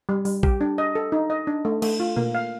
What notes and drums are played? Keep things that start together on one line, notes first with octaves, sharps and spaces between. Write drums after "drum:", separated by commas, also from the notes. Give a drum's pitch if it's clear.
G3
G3, drum: open hi-hat
G4, drum: kick A#1
D4
D#5
A4
D#4
D#5
D4
A3
A3, drum: cymbal
F4
A#3, drum: tom A#2
F5